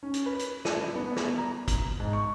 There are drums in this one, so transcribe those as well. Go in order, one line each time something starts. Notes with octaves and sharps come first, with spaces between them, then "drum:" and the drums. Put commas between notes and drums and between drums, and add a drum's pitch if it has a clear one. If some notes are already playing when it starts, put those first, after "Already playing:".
C#4
drum: hi-hat
B4
drum: hi-hat
D#7, drum: snare
B3
drum: snare
A#5
drum: kick, hi-hat
G#2
C#6